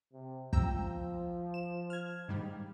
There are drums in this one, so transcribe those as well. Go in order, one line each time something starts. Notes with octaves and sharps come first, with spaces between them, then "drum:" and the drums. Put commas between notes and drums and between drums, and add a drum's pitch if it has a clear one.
C3
F3 G5 A#5 E6, drum: kick
E7
F6 G#6
G#2 D#3 G3